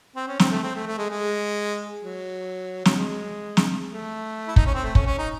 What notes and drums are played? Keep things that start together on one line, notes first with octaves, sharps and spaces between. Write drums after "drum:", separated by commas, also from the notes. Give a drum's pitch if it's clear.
C4
C#4
C4, drum: snare
A3
C4
A3
A3
G#3
G#3
F#3
F#3, drum: snare
G#3
drum: snare
A3
E4
D#4, drum: kick
C#4
C4
A3
C#4, drum: kick
C#4
D#4